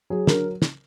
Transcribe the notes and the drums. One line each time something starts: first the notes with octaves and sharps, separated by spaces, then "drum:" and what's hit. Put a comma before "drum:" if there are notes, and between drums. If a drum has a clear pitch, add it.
F#3 G#4
D3 A#4, drum: snare
drum: snare